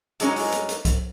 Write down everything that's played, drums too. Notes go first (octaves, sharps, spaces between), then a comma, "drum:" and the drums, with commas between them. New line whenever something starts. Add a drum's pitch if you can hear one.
G2 F#3 G#3 B3 C#4 D#4, drum: hi-hat
drum: open hi-hat
drum: hi-hat
drum: hi-hat
drum: kick C2, hi-hat